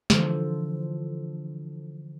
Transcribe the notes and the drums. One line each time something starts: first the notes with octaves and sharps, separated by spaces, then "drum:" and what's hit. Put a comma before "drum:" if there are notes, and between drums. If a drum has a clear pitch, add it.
D3 E3 F3 A4 C5, drum: snare